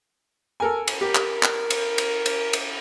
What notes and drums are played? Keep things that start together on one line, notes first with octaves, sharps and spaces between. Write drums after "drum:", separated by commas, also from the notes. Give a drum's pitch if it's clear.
A4 A#4 G#5
drum: cymbal
G4 A#4
drum: clap
drum: clap
drum: cymbal
drum: cymbal
drum: cymbal
drum: cymbal